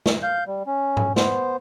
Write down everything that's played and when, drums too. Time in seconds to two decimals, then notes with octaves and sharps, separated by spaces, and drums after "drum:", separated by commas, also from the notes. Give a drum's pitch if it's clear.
0.06 drum: snare
0.23 F5 G6
0.47 G3
0.67 C#4
0.97 drum: tom G#2
1.16 B3 C5, drum: snare